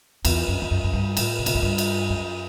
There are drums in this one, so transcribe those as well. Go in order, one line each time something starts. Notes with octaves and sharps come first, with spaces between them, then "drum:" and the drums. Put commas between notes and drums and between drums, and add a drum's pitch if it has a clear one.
E2, drum: cymbal
F#2
E2
F#2
F#2
G2
A2, drum: cymbal
C3
B2, drum: cymbal
A2
G2
drum: cymbal
F#2